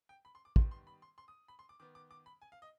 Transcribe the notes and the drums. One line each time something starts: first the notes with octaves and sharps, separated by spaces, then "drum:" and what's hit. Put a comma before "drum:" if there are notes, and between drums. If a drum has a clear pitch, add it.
G5
B5
C6
D6
D#3 G3 B3 C6, drum: kick
C6
B5
C6
C6
D#6
B5
C6
D6
D#3 B3 D6
D6
D6
B5
G#5
F5
D#5